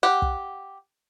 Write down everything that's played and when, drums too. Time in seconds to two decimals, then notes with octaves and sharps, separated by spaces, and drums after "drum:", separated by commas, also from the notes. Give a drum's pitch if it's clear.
0.03 G4 F#5
0.22 drum: kick